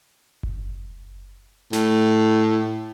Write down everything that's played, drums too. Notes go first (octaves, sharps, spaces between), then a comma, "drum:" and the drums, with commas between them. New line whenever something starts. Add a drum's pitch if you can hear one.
drum: kick F#1
A2, drum: snare